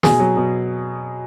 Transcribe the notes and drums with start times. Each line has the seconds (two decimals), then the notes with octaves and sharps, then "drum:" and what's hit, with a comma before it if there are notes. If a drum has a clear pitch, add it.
0.03 B2 G#4, drum: snare
0.20 F#3
0.37 B2